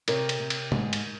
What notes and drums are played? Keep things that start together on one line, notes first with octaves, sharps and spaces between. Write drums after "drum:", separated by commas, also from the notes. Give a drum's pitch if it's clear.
C3 A#4 C#5, drum: cymbal
drum: cymbal
C3
drum: cymbal
G#2, drum: tom
drum: cymbal